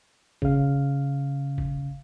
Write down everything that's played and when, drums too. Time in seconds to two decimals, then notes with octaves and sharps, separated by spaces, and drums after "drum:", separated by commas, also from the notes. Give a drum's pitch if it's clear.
0.42 C#3 F5, drum: kick G1
1.58 drum: kick G1